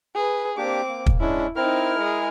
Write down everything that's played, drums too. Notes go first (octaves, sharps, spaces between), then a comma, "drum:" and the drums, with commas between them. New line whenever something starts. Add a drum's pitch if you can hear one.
G#4 B4
A#3 C4 D4 G4 D6
A#3
drum: kick
G#3 C#4 D4 E4
C4 D#4 E4 A#4 F6
G#3 G#4